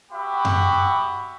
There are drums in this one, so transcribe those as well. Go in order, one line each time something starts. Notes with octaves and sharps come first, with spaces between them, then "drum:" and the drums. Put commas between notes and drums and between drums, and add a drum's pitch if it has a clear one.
B3 F#4 G4 E5 B5
drum: tom F#2